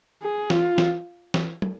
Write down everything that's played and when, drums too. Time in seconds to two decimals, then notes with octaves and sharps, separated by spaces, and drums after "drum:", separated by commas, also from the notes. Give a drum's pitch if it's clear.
0.22 G#4
0.50 F4, drum: snare
0.78 drum: snare
1.34 drum: snare
1.62 drum: tom